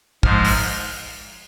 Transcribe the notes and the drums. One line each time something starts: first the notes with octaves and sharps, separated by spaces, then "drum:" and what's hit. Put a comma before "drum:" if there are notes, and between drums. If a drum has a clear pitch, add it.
G#2 F3 G#3 F6, drum: kick
drum: open hi-hat